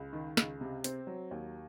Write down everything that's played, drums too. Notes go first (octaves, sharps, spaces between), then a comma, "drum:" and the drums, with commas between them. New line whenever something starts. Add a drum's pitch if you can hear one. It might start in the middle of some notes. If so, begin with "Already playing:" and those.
Already playing: C#2
D#3
C#2, drum: snare
C3
C4, drum: hi-hat
F#3
D#2